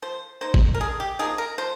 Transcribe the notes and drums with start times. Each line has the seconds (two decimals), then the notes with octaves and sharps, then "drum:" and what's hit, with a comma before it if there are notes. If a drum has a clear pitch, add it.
0.02 F3 C5
0.41 A#3 D#4 C5
0.54 drum: kick
0.74 A#4
0.80 D3 G#4
1.00 G4
1.19 F3 A#3 D#4 G#4
1.38 A#4
1.58 F3 C5